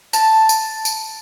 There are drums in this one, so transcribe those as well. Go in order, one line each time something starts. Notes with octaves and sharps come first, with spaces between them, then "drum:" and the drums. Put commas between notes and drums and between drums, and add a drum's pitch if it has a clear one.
A5, drum: tambourine
drum: tambourine
drum: tambourine